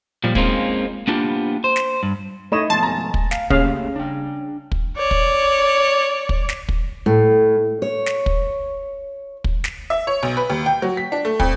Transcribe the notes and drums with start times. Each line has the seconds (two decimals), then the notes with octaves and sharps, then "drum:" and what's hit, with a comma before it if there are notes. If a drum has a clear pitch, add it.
0.24 A#2 F3 G3
0.35 G#3 A#3 C4 C#4 D#4 F4, drum: kick
1.08 A#3 B3 D4 F4 G4
1.64 C5
1.76 drum: snare
2.03 G2
2.52 A3 D#4 C#5 D#5 B5 E7
2.70 F2 G#2 B2 A5 C6 A6
2.83 G#5 A#5
3.14 drum: kick
3.31 F5, drum: snare
3.50 C#3 A3 A#3 G4 F5, drum: kick
3.96 D4 G5
4.72 drum: kick
4.96 C#5 D5
5.11 drum: kick
6.29 drum: kick
6.49 drum: snare
6.69 drum: kick
7.06 A2
7.82 C#5
8.06 drum: snare
8.26 drum: kick
9.44 drum: kick
9.64 drum: snare
9.90 E5
10.07 C#5
10.23 B1
10.37 B4
10.50 D#2
10.66 G5
10.82 F#3
10.97 B6
11.12 D4
11.25 A3
11.40 F2, drum: kick